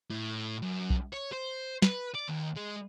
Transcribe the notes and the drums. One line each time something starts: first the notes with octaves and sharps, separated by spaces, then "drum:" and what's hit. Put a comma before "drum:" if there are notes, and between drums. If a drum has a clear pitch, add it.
A2
F#2
drum: kick B1
C#5
C5
B4, drum: snare
D5
D#2
G#3